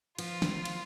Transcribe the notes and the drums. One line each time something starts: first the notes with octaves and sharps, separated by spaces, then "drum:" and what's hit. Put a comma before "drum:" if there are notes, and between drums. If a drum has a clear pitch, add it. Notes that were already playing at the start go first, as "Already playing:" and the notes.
F3 F4, drum: cymbal
drum: snare
drum: cymbal